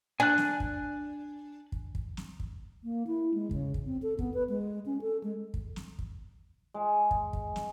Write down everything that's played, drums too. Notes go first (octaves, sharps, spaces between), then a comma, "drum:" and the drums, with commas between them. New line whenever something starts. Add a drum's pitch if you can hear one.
D4 G#5 F#6
drum: snare
drum: kick
drum: kick
drum: kick
drum: snare
drum: kick
A#3
E4
G#3
C#3, drum: kick
drum: kick
C4
A4
B3, drum: kick
B4
G#3
C#4
A4
G#3
drum: kick
drum: snare
drum: kick
G#3
drum: kick
drum: kick
drum: snare